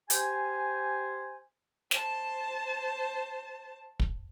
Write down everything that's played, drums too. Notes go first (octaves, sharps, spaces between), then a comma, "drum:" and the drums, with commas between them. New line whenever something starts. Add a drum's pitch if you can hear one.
G4 C5 G#5, drum: hi-hat
C5 A5, drum: snare
drum: kick